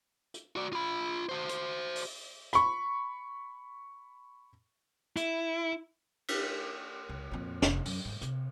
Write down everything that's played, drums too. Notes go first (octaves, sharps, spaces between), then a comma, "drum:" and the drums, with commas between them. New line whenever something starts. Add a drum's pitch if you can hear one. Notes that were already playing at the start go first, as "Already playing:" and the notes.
drum: hi-hat
F#4 D5
F4 B5
F#4 C5
drum: hi-hat
drum: open hi-hat
B5 C#6, drum: hi-hat
E4, drum: hi-hat
drum: cymbal
C#2
F2 A#2
F1, drum: snare
F#2, drum: open hi-hat
G#2 G#3
C3, drum: hi-hat